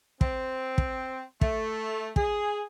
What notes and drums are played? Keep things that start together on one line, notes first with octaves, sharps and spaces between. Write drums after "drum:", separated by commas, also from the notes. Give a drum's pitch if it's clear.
C4, drum: kick
drum: kick
A3, drum: kick
G#4, drum: kick